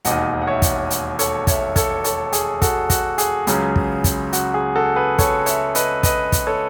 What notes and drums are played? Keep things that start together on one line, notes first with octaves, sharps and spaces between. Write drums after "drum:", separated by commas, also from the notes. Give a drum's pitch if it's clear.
E1 D#2 D#3 D#5 F#5, drum: hi-hat
F#5
C#5 E5
drum: kick, hi-hat
drum: hi-hat
A4 C#5, drum: hi-hat
C#5 E5, drum: kick, hi-hat
A4 C#5, drum: kick, hi-hat
A4 C#5, drum: hi-hat
G#4, drum: hi-hat
F#4 A4, drum: kick, hi-hat
F#4, drum: kick, hi-hat
G#4, drum: hi-hat
C#2 C#3 F#3 C#4 G#4, drum: hi-hat
drum: kick
drum: kick, hi-hat
F#4, drum: hi-hat
G#4
F#4 A4
G#4 B4
A4 C#5, drum: kick, hi-hat
C#5 E5, drum: hi-hat
B4 D#5, drum: hi-hat
B4 D#5, drum: kick, hi-hat
drum: kick, hi-hat
A4 C#5